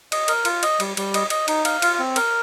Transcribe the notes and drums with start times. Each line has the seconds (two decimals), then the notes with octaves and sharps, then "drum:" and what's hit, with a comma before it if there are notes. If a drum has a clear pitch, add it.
0.12 D#5, drum: cymbal
0.28 A#4, drum: cymbal
0.45 F4, drum: cymbal
0.63 D#5, drum: cymbal
0.80 G3, drum: cymbal
0.97 G3, drum: cymbal
1.14 D#5, drum: cymbal
1.30 D#5, drum: cymbal
1.48 D#4, drum: cymbal
1.65 F5, drum: cymbal
1.82 F4, drum: cymbal
1.99 C4
2.16 A#4, drum: cymbal